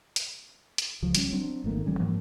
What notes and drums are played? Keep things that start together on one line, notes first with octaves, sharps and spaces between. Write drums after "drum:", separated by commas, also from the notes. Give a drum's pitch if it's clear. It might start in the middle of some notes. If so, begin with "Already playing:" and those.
drum: hi-hat
drum: hi-hat
C#2 F3 F#3
G3 C#4, drum: hi-hat
F#3 C4 D4
G#1 D#3 A3 A#3
E1 E3 G3 C#4
G#2 F3 F#3 A#3